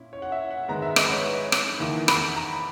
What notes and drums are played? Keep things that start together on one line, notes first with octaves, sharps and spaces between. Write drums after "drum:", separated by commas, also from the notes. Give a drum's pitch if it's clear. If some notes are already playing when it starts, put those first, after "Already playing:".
Already playing: A#2 C#4 E4
C#5
F#5
E5
F#5
G#2 D#3 G#3 B3 A#5
E5
D#5, drum: rim click
B4
C#5
drum: rim click
E2 D#3 A#3 E4
B5, drum: rim click
A#5